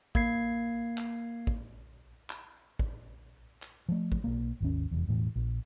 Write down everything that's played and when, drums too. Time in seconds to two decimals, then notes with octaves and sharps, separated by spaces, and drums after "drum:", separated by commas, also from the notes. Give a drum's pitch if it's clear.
0.15 A#3 G#6 C7, drum: kick
0.98 drum: clap
1.47 drum: kick
2.30 drum: clap
2.79 drum: kick
3.62 drum: clap
3.89 F3 A3
4.12 drum: kick
4.24 B1 A#3
4.60 G#1 D#2 C#4
4.91 F1 E2
5.07 E1 A2 E3
5.36 A#1